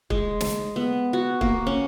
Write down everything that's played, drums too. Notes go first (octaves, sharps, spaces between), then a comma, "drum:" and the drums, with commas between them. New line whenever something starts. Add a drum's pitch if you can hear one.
G#3, drum: kick
drum: snare
B3
F#4
A#3, drum: kick
C#4